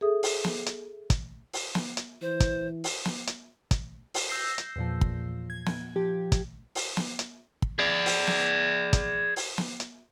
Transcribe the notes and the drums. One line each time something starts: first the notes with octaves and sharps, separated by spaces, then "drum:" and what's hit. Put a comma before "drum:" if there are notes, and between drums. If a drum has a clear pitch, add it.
G#4 A4 E5 D#6
drum: open hi-hat
drum: snare
drum: hi-hat
drum: kick, hi-hat
drum: open hi-hat
drum: snare
drum: hi-hat
E3 C5
drum: kick, hi-hat
drum: open hi-hat
drum: snare
drum: hi-hat
drum: kick, hi-hat
drum: open hi-hat
E6 G6 A#6 C7
drum: hi-hat
E2 A#2 F3
drum: kick
G#6
drum: snare
F3 G4
drum: kick, hi-hat
drum: open hi-hat
drum: snare
drum: hi-hat
drum: kick
G#4 D5
drum: open hi-hat
drum: snare
drum: kick, hi-hat
drum: open hi-hat
drum: snare
drum: hi-hat